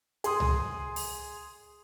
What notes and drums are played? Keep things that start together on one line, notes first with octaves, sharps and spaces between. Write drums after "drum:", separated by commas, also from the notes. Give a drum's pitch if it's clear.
G#4 C6 D#6, drum: hi-hat
drum: tom C2
drum: open hi-hat